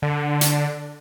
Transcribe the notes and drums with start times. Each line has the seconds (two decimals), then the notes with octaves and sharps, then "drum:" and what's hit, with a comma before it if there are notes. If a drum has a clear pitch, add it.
0.02 D3
0.41 drum: hi-hat